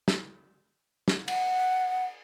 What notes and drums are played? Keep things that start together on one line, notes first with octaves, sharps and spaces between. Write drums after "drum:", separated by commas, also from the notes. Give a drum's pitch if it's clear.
drum: snare
drum: snare
F#5, drum: cymbal